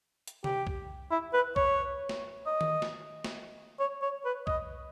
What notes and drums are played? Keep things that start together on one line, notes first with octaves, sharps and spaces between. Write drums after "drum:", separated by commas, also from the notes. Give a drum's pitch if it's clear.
drum: hi-hat
G4, drum: tom
drum: kick B1
E4
B4
C#5, drum: kick B1
drum: snare
D#5
drum: tom D#3
drum: snare
drum: snare
C#5
C#5
B4
D#5, drum: kick B1